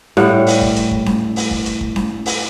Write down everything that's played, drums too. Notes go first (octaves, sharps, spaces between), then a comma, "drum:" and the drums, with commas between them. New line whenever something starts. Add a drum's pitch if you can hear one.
A2 G3 F#5, drum: snare C#4
drum: open hi-hat
drum: kick
drum: hi-hat
drum: kick
drum: snare C#4
drum: open hi-hat
drum: kick
drum: hi-hat
drum: kick
drum: snare C#4
drum: open hi-hat